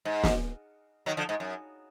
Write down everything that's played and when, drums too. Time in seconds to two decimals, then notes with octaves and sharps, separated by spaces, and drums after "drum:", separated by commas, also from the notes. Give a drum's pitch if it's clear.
0.05 G#2
0.24 drum: snare
1.06 D#3 F#3
1.17 D3 F3
1.29 G#2
1.40 F#2